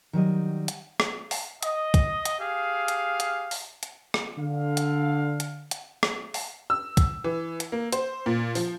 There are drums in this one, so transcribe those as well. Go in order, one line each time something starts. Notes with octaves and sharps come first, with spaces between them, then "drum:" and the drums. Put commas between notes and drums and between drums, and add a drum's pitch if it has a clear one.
D#3 F#3 G3 D#5
drum: hi-hat
drum: rim click
drum: open hi-hat
D#5, drum: hi-hat
drum: kick, hi-hat
drum: hi-hat
G4 G#4 F5
drum: hi-hat
drum: hi-hat
drum: open hi-hat
drum: hi-hat
drum: rim click
D3 F5
drum: hi-hat
drum: hi-hat
drum: hi-hat
drum: rim click
drum: open hi-hat
E6
drum: kick, hi-hat
E3
drum: hi-hat
A#3
C5, drum: hi-hat
A#2
F3, drum: open hi-hat